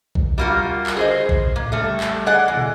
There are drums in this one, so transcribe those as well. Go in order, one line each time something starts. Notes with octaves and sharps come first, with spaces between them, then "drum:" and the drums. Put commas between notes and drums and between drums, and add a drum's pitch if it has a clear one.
drum: kick A#1
G3 A3 A#3 D#4 F4 F#4
drum: clap
G#4 C5 D#5
drum: kick A#1
drum: tom A2
A#3
G3 A3
drum: clap
G#4 D5 D#5 F#5
E2
drum: tom